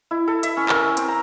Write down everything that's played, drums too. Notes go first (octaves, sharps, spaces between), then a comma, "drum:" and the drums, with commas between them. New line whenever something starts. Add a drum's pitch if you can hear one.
E4
A4
E5, drum: hi-hat
C#4
A#4, drum: clap
C4, drum: hi-hat
A#5